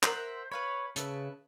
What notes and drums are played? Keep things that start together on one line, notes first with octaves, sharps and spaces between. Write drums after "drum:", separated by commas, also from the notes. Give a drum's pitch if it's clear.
A#4 C5 E5 F#5, drum: clap
B4 C#5 F5 B5
C#3 B4 E5 A5, drum: hi-hat